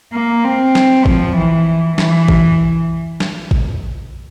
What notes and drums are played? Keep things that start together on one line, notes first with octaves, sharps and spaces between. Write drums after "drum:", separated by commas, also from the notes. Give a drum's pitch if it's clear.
A#3
C4
drum: snare
F3, drum: kick A1
E3
E3, drum: snare
drum: kick A1
drum: snare
drum: kick A1